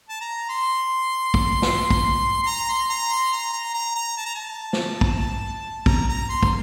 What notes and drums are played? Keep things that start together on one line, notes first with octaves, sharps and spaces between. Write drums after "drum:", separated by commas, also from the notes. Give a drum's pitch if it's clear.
A5
A#5
C6
drum: kick
drum: snare
drum: kick
C6
A#5
C6
A#5
C6
A#5
A#5
A#5
A#5
A5
A#5
A5
drum: snare
drum: kick
A#5, drum: kick
A#5
C6
drum: kick